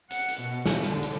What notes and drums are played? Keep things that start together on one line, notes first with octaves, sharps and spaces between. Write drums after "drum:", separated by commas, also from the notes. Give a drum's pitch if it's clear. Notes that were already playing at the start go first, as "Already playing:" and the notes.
F#5, drum: hi-hat
drum: hi-hat
B2
drum: snare
D3, drum: hi-hat
drum: hi-hat